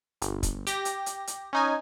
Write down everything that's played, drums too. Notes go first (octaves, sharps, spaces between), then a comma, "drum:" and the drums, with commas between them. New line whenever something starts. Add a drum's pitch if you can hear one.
G1, drum: hi-hat
drum: kick, hi-hat
G4 A#6, drum: hi-hat
drum: hi-hat
drum: hi-hat
drum: hi-hat
C#4 D#4 G#5